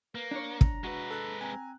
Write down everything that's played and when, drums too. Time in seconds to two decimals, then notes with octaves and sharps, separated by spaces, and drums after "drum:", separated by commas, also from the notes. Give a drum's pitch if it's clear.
0.15 A#3 B4
0.31 D4 C#5 A#5
0.61 drum: kick
0.84 G#3 F#4 B4
1.10 A4 F#6
1.41 C4 G#5 A#5